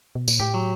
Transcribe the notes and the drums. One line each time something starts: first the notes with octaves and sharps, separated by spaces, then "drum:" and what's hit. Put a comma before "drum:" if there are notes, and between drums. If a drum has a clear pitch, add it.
B2
A#2, drum: tambourine
A2 G4
F#3